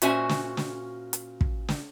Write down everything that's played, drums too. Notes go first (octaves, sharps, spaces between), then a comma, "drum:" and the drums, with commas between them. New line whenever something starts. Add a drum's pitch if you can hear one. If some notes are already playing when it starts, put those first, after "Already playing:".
A#2 C#4 F#4 C5 E5 G#5, drum: hi-hat
drum: snare
drum: snare
drum: hi-hat
drum: kick
drum: snare